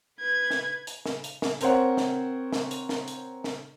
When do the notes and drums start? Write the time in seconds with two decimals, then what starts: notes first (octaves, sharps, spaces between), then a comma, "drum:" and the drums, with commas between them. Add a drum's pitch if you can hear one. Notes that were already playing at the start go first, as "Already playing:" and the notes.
0.20 B4 G#6
0.50 drum: snare
0.87 drum: hi-hat
1.06 drum: snare
1.24 drum: hi-hat
1.42 drum: snare
1.61 C4 A#4 C5 C#5 F#5, drum: hi-hat
1.97 drum: snare
2.53 drum: snare
2.71 drum: hi-hat
2.89 drum: snare
3.08 drum: hi-hat
3.44 drum: snare